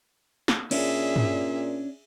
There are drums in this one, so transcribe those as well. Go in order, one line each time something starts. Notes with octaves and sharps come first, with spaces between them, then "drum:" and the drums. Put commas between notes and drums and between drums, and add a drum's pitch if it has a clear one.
drum: snare
A#2 C#4 D4 G#4 E5, drum: cymbal
drum: tom